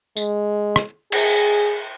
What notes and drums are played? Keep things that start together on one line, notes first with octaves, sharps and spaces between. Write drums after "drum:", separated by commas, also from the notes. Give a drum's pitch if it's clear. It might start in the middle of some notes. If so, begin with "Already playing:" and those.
G#3, drum: tambourine
drum: rim click
G#4, drum: cymbal